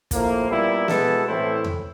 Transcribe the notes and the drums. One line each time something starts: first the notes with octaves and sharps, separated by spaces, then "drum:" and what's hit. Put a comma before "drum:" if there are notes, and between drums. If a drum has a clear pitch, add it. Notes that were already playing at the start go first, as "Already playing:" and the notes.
A2 F3 A#3, drum: kick, hi-hat
A#2 G3 B3 E4
B2 G#3 B3 E4 A4, drum: snare
A2 E3 A3 C4 E4
drum: tom E2